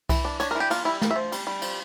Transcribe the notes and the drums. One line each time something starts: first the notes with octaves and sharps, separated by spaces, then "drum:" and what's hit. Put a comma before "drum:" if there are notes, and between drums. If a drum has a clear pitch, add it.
E3, drum: kick C2, cymbal
D4
D4 C#5, drum: cymbal
A#4
E3
G4
A#3 F4, drum: cymbal
G3 E4
A#3, drum: snare
E5
F3
G3, drum: cymbal
G3
F3, drum: cymbal